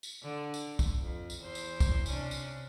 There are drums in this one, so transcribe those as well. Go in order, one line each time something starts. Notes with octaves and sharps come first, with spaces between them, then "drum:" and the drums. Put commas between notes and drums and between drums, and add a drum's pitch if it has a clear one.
drum: tambourine
D3
drum: tambourine
drum: kick, tambourine
F2
drum: tambourine
E2 C5
drum: tambourine
drum: kick, tambourine
C3 C#4 D4, drum: tambourine
drum: tambourine